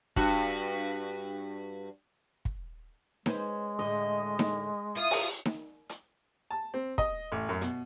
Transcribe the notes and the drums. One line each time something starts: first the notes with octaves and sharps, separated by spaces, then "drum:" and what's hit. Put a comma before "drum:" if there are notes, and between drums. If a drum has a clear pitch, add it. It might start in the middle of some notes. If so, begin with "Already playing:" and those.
G2 F#4, drum: kick
drum: kick
G#3 C#4 B4 C5, drum: snare D#4
A2 D3 D#5
drum: snare D#4
E4 F4 D#6
drum: open hi-hat
drum: snare D#4
drum: hi-hat
A5
C4
D#5, drum: kick
A1
F#2
B2, drum: hi-hat